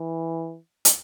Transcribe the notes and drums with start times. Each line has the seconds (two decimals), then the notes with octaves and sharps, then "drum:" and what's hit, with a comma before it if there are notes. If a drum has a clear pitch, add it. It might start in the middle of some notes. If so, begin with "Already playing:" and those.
Already playing: E3
0.85 drum: hi-hat